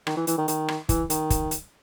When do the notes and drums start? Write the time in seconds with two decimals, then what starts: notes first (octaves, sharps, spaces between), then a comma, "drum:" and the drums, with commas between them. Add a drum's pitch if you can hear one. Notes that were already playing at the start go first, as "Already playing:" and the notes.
0.07 D#3, drum: rim click
0.17 E3
0.27 E3, drum: hi-hat
0.38 D#3
0.48 D#3, drum: hi-hat
0.68 drum: rim click
0.89 E3, drum: kick, hi-hat
1.10 D#3, drum: hi-hat
1.30 drum: kick, hi-hat
1.51 drum: hi-hat